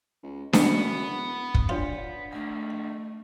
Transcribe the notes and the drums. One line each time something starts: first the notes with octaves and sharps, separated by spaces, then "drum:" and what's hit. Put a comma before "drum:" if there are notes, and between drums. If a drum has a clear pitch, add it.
C#2
F#2 B3, drum: snare D4
E1
drum: kick
D4 F4 B4 C#5 D5 F#5
D#3 A3 D4 F#5